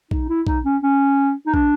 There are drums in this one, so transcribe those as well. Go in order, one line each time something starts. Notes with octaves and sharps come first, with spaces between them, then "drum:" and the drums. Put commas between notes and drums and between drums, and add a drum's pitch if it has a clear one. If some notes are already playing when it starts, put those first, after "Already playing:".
D#4, drum: kick
E4
D#4, drum: kick
C#4
C#4
D#4
D4, drum: kick